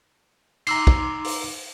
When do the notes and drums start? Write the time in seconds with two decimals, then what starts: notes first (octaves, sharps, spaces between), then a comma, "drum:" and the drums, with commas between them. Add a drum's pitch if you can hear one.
0.67 D#4 A#5 C6 D6 E6 C7, drum: cymbal
0.87 drum: kick
1.24 drum: open hi-hat